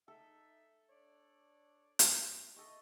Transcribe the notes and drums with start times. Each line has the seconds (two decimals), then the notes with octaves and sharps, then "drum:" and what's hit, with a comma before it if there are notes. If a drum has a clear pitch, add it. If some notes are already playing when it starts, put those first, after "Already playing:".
0.08 D#4 A4 E5
0.89 D4 C#5 D5
1.99 drum: hi-hat
2.56 A4 D#5 E5 C#6